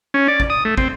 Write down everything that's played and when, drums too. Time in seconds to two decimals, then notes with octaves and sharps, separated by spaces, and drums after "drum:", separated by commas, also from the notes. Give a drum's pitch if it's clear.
0.14 C#4
0.28 D5
0.40 drum: kick
0.50 D#6
0.65 A3
0.77 C4, drum: kick